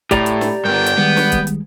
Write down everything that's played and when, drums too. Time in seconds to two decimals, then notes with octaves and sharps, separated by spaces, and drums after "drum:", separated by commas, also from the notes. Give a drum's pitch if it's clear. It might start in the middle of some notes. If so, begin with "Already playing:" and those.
0.11 A2 G4 D5 A#5 B5, drum: kick, hi-hat
0.26 drum: hi-hat
0.41 drum: snare
0.65 G2 B3 A#4 G5
0.86 drum: hi-hat
0.98 D#3 G3 G#3 B3
1.17 drum: snare
1.32 drum: kick, hi-hat
1.47 drum: hi-hat